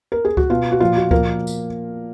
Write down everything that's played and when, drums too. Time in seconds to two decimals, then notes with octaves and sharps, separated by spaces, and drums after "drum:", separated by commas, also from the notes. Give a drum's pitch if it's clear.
0.12 A#4
0.25 G#4
0.37 F#4, drum: kick C#2
0.50 B2 F4
0.72 F#4
0.80 A#2 F3 F4
0.97 F#4
1.11 A#2 F3 A#3 A#4, drum: kick C#2
1.47 drum: tambourine